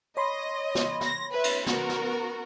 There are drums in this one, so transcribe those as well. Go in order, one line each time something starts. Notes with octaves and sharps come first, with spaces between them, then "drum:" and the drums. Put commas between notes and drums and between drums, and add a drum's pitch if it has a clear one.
C#5 D#5 B5 C6
drum: snare
A#6, drum: snare
B4 E5
drum: cymbal
B3 F#4 A#4, drum: snare
drum: snare